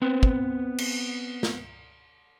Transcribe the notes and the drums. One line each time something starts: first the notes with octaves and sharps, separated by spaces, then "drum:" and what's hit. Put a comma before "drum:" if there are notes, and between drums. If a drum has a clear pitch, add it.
B3 C4 B4 C5
drum: kick
drum: cymbal
drum: snare